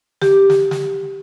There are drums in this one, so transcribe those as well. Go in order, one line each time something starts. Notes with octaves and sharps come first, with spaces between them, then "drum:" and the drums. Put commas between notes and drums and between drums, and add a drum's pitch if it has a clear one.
G4, drum: snare
drum: snare
drum: snare